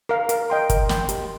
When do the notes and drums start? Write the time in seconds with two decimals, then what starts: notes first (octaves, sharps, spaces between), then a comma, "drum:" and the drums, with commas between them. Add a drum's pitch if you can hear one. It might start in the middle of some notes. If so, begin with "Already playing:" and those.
0.09 A#4 F5
0.29 A#4, drum: hi-hat
0.50 D#5 G5 C6
0.70 A#4, drum: kick, hi-hat
0.89 D#5 G5 C6, drum: snare
1.09 G4, drum: hi-hat